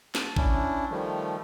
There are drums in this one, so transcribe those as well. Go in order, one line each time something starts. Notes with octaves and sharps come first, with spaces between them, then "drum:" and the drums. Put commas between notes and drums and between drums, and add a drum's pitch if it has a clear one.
A5, drum: snare
C#4 D4 E4, drum: kick A1
D#3 F3 G3 A3